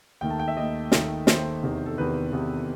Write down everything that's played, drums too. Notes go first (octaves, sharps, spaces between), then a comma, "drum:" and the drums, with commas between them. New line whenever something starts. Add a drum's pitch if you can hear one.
D#2 D#3 A3 G5
A5
G5
E5
D#2 D#3 A3 D#5
D#2 D#3 A3, drum: snare
D#2 D#3 A3 C5, drum: snare
E2 C3 D#3
A4
E2 C3 D#3 B4
E2 C3 D#3